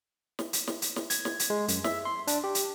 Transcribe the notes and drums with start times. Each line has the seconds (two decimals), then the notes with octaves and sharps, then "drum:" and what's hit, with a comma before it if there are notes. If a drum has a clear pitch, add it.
0.39 drum: snare
0.53 drum: hi-hat
0.67 drum: snare
0.82 drum: hi-hat
0.96 drum: snare
1.10 G#6, drum: hi-hat
1.25 drum: snare
1.39 drum: hi-hat
1.50 G#3
1.68 F#2, drum: hi-hat
1.84 E5, drum: snare
2.05 C6
2.27 D4, drum: hi-hat
2.44 G4
2.55 drum: hi-hat